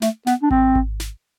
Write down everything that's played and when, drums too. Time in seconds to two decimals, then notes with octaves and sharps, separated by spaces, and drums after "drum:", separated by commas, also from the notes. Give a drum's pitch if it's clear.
0.02 A3, drum: snare
0.27 B3, drum: snare
0.42 D4
0.51 C4, drum: kick G#1
0.75 drum: kick G#1
1.00 drum: snare